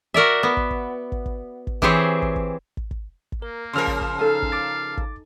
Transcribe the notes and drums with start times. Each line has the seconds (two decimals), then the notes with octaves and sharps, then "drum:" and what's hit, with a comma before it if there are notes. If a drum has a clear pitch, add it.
0.14 F#4 A#4 D5 E5
0.43 B3
0.57 drum: kick
0.71 drum: kick
1.12 drum: kick
1.26 drum: kick
1.67 drum: kick
1.82 E3 C4 G4 G#4 C5 C#5, drum: kick
2.22 drum: kick
2.36 drum: kick
2.77 drum: kick
2.91 drum: kick
3.32 drum: kick
3.42 A#3 A#4
3.73 C#3 F3 A#4 C6 F6
3.87 drum: kick
4.01 drum: kick
4.19 D#4 A4 F5 G#5
4.42 drum: kick
4.52 D6 A6
4.98 drum: kick